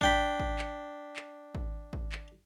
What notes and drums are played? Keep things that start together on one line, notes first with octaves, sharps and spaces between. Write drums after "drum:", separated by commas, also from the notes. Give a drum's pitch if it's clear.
D4 G5 B5, drum: kick
drum: kick
drum: clap
drum: clap
drum: kick
drum: kick
drum: clap